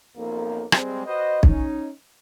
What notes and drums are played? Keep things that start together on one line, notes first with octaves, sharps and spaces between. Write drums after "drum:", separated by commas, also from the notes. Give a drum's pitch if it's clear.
B1 F2 A#3
G3 G#3 C4, drum: rim click
F#4 B4 C5 D#5
C#4 D#4, drum: kick B1